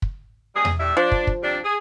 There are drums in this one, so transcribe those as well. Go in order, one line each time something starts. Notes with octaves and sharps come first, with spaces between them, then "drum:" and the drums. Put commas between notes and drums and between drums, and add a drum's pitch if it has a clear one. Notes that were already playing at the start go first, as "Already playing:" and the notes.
drum: kick
E2 G3 G#4
drum: tom E2
A2 G3 E5
F3 D4
drum: kick
drum: kick
C3 G3 D4
G#4